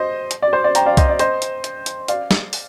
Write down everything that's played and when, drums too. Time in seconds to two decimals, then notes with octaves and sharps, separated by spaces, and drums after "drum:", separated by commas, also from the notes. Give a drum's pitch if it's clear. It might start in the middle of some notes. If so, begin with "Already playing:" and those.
Already playing: C5 D#5
0.31 drum: hi-hat
0.42 D5
0.53 C5
0.64 D5
0.75 G5 A#5, drum: hi-hat
0.86 D5 F5
0.97 C5 D#5, drum: kick C2, hi-hat
1.09 D5
1.19 C5 D#5, drum: hi-hat
1.42 drum: hi-hat
1.64 drum: hi-hat
1.86 drum: hi-hat
2.08 D5 F5, drum: hi-hat
2.31 drum: snare
2.53 drum: open hi-hat